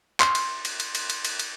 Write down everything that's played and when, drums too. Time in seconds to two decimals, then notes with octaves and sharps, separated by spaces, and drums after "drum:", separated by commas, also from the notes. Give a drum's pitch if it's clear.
0.20 C6, drum: clap
0.35 drum: cymbal
0.65 drum: cymbal
0.80 drum: cymbal
0.95 drum: cymbal
1.10 drum: cymbal
1.25 drum: cymbal
1.39 drum: cymbal